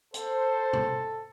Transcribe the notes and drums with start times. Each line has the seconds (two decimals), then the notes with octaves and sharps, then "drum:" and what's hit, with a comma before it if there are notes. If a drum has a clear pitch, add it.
0.14 A4 C5, drum: hi-hat
0.73 drum: tom B2